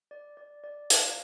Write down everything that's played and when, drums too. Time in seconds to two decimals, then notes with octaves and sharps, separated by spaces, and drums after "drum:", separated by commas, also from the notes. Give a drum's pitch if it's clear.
0.11 D5
0.37 D5
0.64 D5
0.90 F5, drum: hi-hat